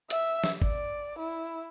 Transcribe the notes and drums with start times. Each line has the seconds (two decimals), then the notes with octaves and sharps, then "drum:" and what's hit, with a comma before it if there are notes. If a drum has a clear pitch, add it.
0.10 E5, drum: hi-hat
0.44 drum: snare
0.62 D5, drum: kick G#1
1.19 E4